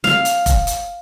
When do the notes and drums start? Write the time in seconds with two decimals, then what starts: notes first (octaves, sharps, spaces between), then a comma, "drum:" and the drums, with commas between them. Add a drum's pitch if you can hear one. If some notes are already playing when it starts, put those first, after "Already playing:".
0.04 F5, drum: snare
0.25 drum: hi-hat
0.46 drum: kick F1, hi-hat
0.67 drum: hi-hat